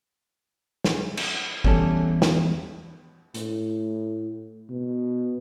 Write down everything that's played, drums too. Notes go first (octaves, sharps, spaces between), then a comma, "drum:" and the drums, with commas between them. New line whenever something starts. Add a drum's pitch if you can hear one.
drum: snare
drum: cymbal
E2 G3 C#4 A4, drum: kick G#1
drum: snare
A2, drum: hi-hat
B2